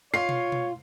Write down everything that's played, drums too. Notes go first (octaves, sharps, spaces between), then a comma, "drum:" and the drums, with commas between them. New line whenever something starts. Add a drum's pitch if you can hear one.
F4 C#5 C7
drum: tom B2
drum: tom B2